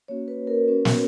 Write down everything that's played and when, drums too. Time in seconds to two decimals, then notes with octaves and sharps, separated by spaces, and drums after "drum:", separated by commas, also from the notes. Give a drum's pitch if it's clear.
0.08 A#3 C#4 F#4 C#5
0.28 B4
0.47 A#4
0.68 A#3 C#4 F#4 B4
0.85 drum: snare